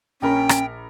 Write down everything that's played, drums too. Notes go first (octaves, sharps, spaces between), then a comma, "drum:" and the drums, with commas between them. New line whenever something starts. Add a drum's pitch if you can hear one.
A#1 C#4 A#4 G5 B5
drum: rim click